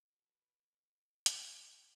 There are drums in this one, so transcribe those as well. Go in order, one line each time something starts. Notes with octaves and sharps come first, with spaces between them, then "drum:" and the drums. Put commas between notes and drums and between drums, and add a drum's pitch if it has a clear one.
A2 F#3 B3 D4 F#4
A4
B4
B4
A2 A3 D4
E3 B3 D4, drum: hi-hat
A4